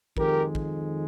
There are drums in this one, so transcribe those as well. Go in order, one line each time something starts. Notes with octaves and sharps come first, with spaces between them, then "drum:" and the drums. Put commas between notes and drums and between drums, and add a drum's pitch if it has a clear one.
F2 D#3 G#3 G4 A#4, drum: kick
drum: kick